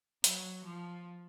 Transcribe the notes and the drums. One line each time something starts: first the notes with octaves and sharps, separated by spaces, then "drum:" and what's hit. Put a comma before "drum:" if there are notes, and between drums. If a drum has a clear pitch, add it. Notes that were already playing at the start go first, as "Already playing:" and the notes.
F#3, drum: hi-hat
F3